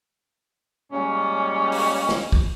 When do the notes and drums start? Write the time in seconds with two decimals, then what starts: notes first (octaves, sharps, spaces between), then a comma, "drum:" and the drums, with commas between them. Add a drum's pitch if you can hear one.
0.92 A#2 G3 G#3 C#4
1.72 drum: open hi-hat
2.09 drum: snare
2.32 drum: kick